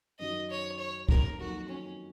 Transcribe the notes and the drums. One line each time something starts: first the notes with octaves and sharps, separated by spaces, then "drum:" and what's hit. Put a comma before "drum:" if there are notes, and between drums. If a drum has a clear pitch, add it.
F#2 D#3 F#3 D#5
C#5
C#5
A#4, drum: kick
F2 D#3 F#3 A#3 D#4 F#4
C#4